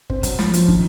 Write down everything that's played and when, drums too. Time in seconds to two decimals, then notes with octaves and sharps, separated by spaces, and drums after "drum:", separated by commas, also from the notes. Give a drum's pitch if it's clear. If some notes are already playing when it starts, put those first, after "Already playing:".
0.10 C4, drum: kick
0.23 F#3, drum: kick, hi-hat
0.39 F3, drum: snare
0.54 F3, drum: hi-hat
0.68 D#3, drum: kick